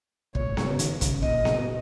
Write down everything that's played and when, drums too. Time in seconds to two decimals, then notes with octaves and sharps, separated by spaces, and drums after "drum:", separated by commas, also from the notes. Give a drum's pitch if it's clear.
0.35 A#2 C#5, drum: kick
0.47 G#2
0.57 G#2, drum: snare B3
0.69 C#3
0.79 D#3, drum: hi-hat
1.01 C#3, drum: kick, hi-hat
1.23 A#2 D#5, drum: kick
1.45 drum: snare B3